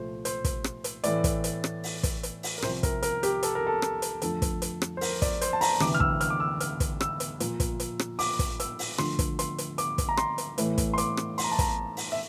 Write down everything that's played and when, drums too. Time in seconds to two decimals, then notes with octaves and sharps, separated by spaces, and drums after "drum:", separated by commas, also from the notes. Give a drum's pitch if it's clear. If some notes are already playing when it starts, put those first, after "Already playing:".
Already playing: C2 A#2 F3 A3 C5
0.25 C5, drum: hi-hat
0.44 drum: kick, hi-hat
0.64 drum: rim click
0.84 drum: hi-hat
1.04 A2 E3 A3 D5, drum: hi-hat
1.24 drum: kick, hi-hat
1.44 drum: hi-hat
1.64 drum: rim click
1.84 drum: open hi-hat
2.03 drum: kick, hi-hat
2.23 drum: hi-hat
2.43 drum: open hi-hat
2.58 A#4
2.62 C2 C3 F3 C5, drum: rim click
2.83 A#4, drum: kick, hi-hat
3.03 A#4, drum: hi-hat
3.23 G4, drum: hi-hat
3.43 A4, drum: hi-hat
3.55 A#4
3.67 A4
3.82 drum: rim click
4.02 drum: hi-hat
4.22 F2 D3 F3 A3 A4, drum: hi-hat
4.42 drum: kick, hi-hat
4.62 drum: hi-hat
4.82 drum: rim click
4.97 C5
5.01 A#4, drum: open hi-hat
5.22 D5, drum: kick, hi-hat
5.41 C5, drum: hi-hat
5.53 A5
5.61 A#5, drum: open hi-hat
5.80 D2 C3 E3 D6, drum: rim click
5.94 F6
6.00 E6, drum: kick
6.21 F6, drum: hi-hat
6.30 D6
6.40 E6
6.60 F6, drum: hi-hat
6.80 drum: kick, hi-hat
7.01 E6, drum: rim click
7.20 drum: hi-hat
7.40 A#2 F3 A#3, drum: hi-hat
7.60 drum: kick, hi-hat
7.80 drum: hi-hat
7.99 drum: rim click
8.19 D6, drum: open hi-hat
8.39 drum: kick, hi-hat
8.60 E6, drum: hi-hat
8.79 drum: open hi-hat
8.98 D2 D3 F3 A3 C6, drum: rim click
9.19 drum: kick, hi-hat
9.39 C6, drum: hi-hat
9.58 drum: hi-hat
9.78 D6, drum: hi-hat
9.98 drum: kick, hi-hat
10.09 A#5
10.17 C6, drum: rim click
10.38 drum: hi-hat
10.58 A2 E3 A3, drum: hi-hat
10.78 drum: kick, hi-hat
10.94 C6
10.98 D6, drum: hi-hat
11.17 drum: rim click
11.38 C6, drum: open hi-hat
11.44 A#5
11.52 A5
11.59 A#5, drum: kick, hi-hat
11.97 drum: open hi-hat
12.12 E5